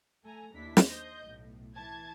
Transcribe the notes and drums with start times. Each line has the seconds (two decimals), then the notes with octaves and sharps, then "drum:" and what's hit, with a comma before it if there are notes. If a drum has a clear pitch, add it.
0.23 A3 A4 G#5 A#5
0.55 D#2 D4 E4 B6
0.77 drum: snare
0.86 C5 D#5 G6
1.24 B1 A2
1.75 E3 A5 G#6